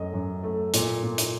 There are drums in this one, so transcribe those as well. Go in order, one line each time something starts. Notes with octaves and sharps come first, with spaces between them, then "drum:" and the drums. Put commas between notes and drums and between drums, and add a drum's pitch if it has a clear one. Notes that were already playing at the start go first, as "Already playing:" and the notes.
Already playing: F#2 A3 D#5
F#2
A3
A#2, drum: hi-hat
A#2
drum: hi-hat